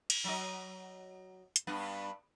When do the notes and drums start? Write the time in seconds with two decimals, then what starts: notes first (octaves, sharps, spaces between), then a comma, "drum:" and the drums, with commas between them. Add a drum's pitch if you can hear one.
0.10 drum: cymbal
0.24 F#3 D#5
1.56 drum: hi-hat
1.67 G2 B3